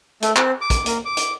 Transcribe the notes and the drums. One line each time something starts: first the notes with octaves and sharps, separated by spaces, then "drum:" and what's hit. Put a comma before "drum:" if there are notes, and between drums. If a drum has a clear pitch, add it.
A3, drum: hi-hat
C4, drum: clap
D6
drum: kick, hi-hat
A#3, drum: hi-hat
D6
drum: hi-hat